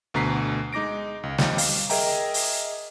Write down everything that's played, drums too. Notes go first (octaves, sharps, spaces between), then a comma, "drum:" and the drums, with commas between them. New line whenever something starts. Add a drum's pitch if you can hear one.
D2 B2 D3 A#5 B6 C7
G#3 D#4 D6 A#6 D7
C#2
D#2 F3 G3 C4 D#4, drum: snare
F5, drum: open hi-hat
G#4 A#4 D#5 E5 G5 A#5, drum: open hi-hat
drum: open hi-hat